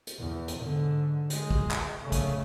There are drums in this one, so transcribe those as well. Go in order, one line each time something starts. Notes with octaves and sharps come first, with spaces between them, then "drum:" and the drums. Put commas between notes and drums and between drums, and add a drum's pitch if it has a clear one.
drum: hi-hat
E2
drum: hi-hat
G#2 D3
G#3, drum: hi-hat
drum: kick
drum: clap
C#3 A3
drum: kick, hi-hat